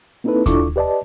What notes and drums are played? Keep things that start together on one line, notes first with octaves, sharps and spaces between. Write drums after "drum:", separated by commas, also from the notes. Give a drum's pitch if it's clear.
A#3 C4 D#4 E4 A4 B4
D4 E4 F4 A4 C#6 D6, drum: kick D#2, hi-hat
G4 B4 D5 D#5 A5